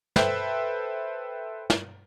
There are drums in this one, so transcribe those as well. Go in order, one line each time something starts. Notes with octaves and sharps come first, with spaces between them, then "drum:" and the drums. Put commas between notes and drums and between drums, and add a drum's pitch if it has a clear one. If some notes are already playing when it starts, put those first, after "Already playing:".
A4 B4 C5 E5 G5, drum: snare
drum: snare